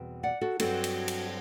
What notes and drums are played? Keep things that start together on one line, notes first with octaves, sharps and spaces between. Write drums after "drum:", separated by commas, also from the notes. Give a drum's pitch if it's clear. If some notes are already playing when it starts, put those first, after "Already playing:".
Already playing: E2 B2 G3 C4
D5 F#5
F#4 A4
G2 F#3 C4 F#4 A4, drum: cymbal
drum: cymbal
drum: cymbal